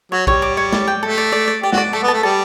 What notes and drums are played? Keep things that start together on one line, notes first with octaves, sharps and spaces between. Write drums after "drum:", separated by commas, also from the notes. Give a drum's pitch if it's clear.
F#3 C#5
G3 C#5, drum: kick
D6
C#5
D5, drum: snare
G5
A3 A4
D5
D5
D5
G4 D5
F#4, drum: snare
D5
A3 A4
B3
A5
A3
G3 A4